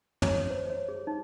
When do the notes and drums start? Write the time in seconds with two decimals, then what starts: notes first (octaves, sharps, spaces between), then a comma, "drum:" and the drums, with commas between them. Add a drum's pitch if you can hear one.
0.22 C#5, drum: tom
0.50 C5
0.70 C#5
0.89 G#4
1.07 D#4